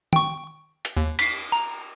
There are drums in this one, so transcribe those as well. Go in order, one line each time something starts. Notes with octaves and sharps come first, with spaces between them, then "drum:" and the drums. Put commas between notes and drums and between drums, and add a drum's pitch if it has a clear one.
G5 C#6, drum: tom D#3
drum: hi-hat
D#2
B6 C7, drum: cymbal
A#5